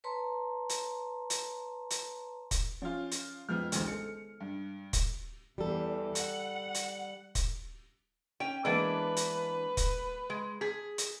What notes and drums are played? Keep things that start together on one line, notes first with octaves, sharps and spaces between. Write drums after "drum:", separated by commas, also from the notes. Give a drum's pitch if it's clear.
B4 C#5 A5 A#5 C6
drum: hi-hat
drum: hi-hat
drum: hi-hat
drum: kick, hi-hat
F3 C#4 F4
drum: hi-hat
F2 F3 G#3 B3 F6
A1 D2 D#3 G#3 C5, drum: hi-hat
G#4 A4 C#7
G2
drum: kick, hi-hat
E2 G3 A4
F#5, drum: hi-hat
drum: hi-hat
drum: kick, hi-hat
C#4 G5
E3 G#3 A#3 B3 D4 B4
drum: hi-hat
drum: kick, hi-hat
G#3
G#4 B6
drum: hi-hat